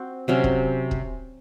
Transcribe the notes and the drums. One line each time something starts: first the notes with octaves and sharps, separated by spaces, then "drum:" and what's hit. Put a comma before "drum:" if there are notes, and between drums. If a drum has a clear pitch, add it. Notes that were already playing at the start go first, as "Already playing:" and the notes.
Already playing: C4 F#4
C3 F#3 C#4
drum: kick
drum: kick